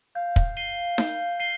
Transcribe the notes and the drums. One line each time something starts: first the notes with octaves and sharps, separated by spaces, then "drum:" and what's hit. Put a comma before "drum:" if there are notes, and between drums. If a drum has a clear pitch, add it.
F5 G6
drum: kick
C7 D#7 G7
G6, drum: snare D#4
C7 D#7 G7